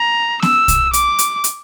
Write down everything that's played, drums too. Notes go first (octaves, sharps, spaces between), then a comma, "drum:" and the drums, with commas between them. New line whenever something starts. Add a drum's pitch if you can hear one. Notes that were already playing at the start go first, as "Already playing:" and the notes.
Already playing: A#5
E6, drum: snare B3
drum: kick, hi-hat
D6, drum: hi-hat
drum: hi-hat
drum: hi-hat